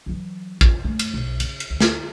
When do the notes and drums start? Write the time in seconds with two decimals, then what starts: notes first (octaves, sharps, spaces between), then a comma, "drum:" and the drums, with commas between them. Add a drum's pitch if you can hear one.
0.06 E3 F#3
0.61 F4, drum: kick
0.84 A3
0.99 drum: cymbal
1.14 B1
1.40 C#3, drum: cymbal
1.60 drum: cymbal
1.70 D2
1.81 drum: snare